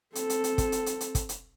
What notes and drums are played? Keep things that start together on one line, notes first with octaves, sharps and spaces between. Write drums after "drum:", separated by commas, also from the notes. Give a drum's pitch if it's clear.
C4 A4, drum: hi-hat
drum: hi-hat
drum: hi-hat
drum: kick, hi-hat
drum: hi-hat
drum: hi-hat
drum: hi-hat
drum: kick, hi-hat
drum: hi-hat